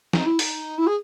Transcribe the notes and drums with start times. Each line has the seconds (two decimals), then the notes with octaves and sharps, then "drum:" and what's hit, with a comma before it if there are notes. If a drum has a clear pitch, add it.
0.13 D#4, drum: snare
0.26 E4
0.39 D#4, drum: open hi-hat
0.78 E4
0.87 G#4